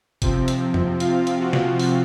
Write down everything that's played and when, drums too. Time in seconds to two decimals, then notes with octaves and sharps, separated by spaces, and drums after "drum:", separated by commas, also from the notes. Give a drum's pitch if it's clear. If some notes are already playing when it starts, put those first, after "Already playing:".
0.22 C3 F3 C4, drum: kick, hi-hat
0.48 drum: hi-hat
0.74 drum: tom F2
1.00 F4 F5, drum: hi-hat
1.27 drum: hi-hat
1.40 F#4
1.53 drum: snare
1.80 drum: open hi-hat